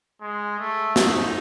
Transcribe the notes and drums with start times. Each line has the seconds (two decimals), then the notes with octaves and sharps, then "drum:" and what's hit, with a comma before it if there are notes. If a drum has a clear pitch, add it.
0.21 G#3
0.59 A3
0.96 D#4, drum: snare